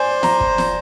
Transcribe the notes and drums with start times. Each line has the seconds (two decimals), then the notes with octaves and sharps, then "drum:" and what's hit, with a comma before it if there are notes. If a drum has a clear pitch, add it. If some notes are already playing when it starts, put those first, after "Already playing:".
Already playing: C5 D5 G#5
0.23 A#5, drum: snare
0.41 drum: kick
0.58 drum: snare